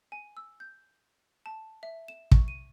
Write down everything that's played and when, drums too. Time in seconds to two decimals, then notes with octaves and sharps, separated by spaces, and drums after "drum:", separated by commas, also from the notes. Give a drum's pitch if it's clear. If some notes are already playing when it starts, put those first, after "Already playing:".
0.12 G#5
0.37 E6
0.60 G6
1.46 A5
1.83 E5
2.08 E7
2.31 C#6, drum: kick
2.48 D#7